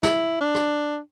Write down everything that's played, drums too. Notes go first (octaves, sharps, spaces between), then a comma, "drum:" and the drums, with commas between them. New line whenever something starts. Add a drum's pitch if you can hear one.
E4, drum: snare
D4
drum: rim click